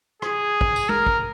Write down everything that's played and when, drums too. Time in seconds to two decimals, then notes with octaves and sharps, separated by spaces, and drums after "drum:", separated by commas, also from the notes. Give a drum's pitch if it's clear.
0.22 G#4, drum: rim click
0.61 drum: kick
0.76 drum: tambourine
0.89 A#4, drum: tom G#3
1.06 drum: kick